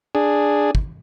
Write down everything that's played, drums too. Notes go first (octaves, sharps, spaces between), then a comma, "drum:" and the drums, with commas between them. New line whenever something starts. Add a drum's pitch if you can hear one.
D4 G#4
drum: kick